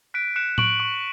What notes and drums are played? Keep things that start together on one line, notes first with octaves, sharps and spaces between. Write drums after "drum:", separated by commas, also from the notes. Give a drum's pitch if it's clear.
F#6 B6 D7
F#6 C#7 E7
C#6 D7 F#7, drum: tom A2
C#6